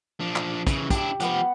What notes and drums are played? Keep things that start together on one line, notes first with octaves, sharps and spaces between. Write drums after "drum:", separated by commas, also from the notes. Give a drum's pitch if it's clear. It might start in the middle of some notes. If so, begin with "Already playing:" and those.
F3 D4
drum: clap
C#3 E3, drum: kick, hi-hat
D4 E4 G4, drum: kick, hi-hat
F3 B3 G4 F#5, drum: hi-hat